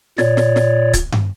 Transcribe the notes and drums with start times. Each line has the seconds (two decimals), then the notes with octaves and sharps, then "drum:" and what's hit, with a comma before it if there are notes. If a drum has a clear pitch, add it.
0.18 A#2 C#5 D5, drum: snare
0.37 drum: snare
0.56 drum: snare
0.94 drum: kick C#1, hi-hat
1.12 drum: tom G2